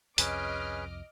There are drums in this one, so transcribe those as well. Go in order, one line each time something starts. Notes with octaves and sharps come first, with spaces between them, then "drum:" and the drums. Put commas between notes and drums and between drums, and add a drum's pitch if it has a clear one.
C2 F2 C#4 G#4 B4 D#5 D6 F6, drum: hi-hat